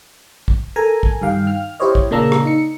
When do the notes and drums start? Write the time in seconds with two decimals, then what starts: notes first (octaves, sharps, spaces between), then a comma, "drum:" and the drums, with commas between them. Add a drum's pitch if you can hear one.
0.48 drum: kick
0.76 A4 A#4 G#5 A#5
1.03 drum: kick
1.22 G2 D#3 F5 G5
1.47 F6
1.80 E4 G4 C5 C#5 D#5
1.95 drum: kick
2.11 A#2 C#3 A#3 D4 A#5 E6
2.32 drum: rim click
2.45 D#4 C#7